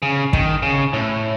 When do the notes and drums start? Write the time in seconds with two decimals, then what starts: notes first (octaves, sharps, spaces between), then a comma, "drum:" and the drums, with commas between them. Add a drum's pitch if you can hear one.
0.02 C#3
0.33 D#3, drum: kick
0.62 C#3
0.93 A2